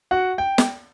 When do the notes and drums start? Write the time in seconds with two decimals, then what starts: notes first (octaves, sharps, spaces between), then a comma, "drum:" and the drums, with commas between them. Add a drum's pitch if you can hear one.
0.11 F#4 F#5
0.38 G5
0.58 drum: snare